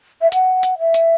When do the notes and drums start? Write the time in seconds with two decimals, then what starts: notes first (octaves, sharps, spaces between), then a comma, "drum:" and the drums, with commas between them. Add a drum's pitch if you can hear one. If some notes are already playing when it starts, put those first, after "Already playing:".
0.21 E5
0.32 F#5, drum: hi-hat
0.63 drum: hi-hat
0.79 E5
0.94 drum: hi-hat